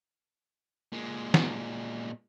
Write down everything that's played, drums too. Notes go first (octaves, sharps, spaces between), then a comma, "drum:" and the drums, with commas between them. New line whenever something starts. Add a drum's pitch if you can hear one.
A#2 G#3
drum: snare